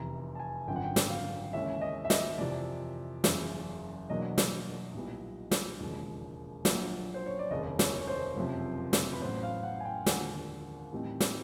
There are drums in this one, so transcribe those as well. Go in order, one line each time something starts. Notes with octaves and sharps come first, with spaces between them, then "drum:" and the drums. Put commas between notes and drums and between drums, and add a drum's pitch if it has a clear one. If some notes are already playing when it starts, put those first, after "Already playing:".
Already playing: F1 E2 C3 A#5
A5
G#5
G#1 F#2 D3 F3 G5
F#5
G5
drum: snare
F5
D#2 C#3 E3 G#3 C#4 E5
D#5
E5
D#5, drum: snare
F2 C3 E3 D5
F#1 E2 C#3, drum: snare
E2 B2 F#3 A#3 D4 D#5
drum: snare
B1 A#2 G3 B3 E4
drum: snare
E1 D#2 C#3 F3 G#3
A#1 A#2 F#3 A#3, drum: snare
C5
C#5
D5
F1 D#2 C#3 D#5
C#5, drum: snare
C#5
C5
F#1 F2 C3
drum: snare
B4
A1 A2 F#3 B3 C5
F5
F#5
G#5
G5
D#2 D3 F3 G#3 F#5, drum: snare
A2 E3 G3 C4 D#4
drum: snare